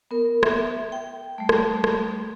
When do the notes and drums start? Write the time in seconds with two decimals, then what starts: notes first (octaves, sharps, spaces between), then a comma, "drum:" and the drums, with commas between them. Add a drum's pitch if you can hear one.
0.11 B3 A#4
0.43 E5, drum: rim click
0.92 G5
1.38 G3 A3
1.49 drum: rim click
1.84 drum: rim click